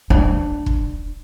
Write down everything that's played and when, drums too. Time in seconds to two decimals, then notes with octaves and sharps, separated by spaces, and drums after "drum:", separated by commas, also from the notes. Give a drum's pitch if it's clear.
0.10 D4
0.66 drum: kick